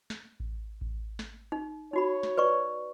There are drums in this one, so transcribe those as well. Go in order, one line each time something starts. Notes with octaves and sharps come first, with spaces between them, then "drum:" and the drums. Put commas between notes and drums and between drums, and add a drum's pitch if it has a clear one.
drum: snare
drum: kick A1
drum: kick A1
drum: snare
D#4
D#4 F#4 C#5 B5
drum: snare
B4 D5 C#6